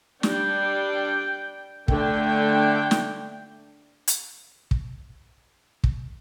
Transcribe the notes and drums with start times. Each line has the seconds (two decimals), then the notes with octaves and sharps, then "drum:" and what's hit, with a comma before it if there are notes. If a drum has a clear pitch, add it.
0.23 G3 D4 G5, drum: snare
1.88 D3 A3 D4 G5, drum: kick
2.91 drum: snare
4.08 drum: hi-hat
4.71 drum: kick
5.84 drum: kick